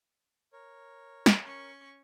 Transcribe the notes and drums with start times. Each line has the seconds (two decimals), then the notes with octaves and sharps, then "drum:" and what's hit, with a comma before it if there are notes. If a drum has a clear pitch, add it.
0.53 A#4 C#5
1.26 drum: snare
1.45 C#4 C#6